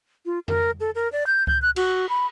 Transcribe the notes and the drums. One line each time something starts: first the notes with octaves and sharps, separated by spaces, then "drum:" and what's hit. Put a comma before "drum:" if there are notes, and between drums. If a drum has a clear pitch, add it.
F4
A#4, drum: tom F2
A4
A#4
D5
G6
G6, drum: kick C#2
F#6
F#4, drum: cymbal
B5